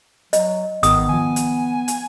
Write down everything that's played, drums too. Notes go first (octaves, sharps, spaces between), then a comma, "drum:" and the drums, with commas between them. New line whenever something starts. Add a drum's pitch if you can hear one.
F#3 D#5, drum: hi-hat
G#1 D#3 B3 D#6, drum: hi-hat
D#3 F3 G#5
drum: hi-hat
drum: hi-hat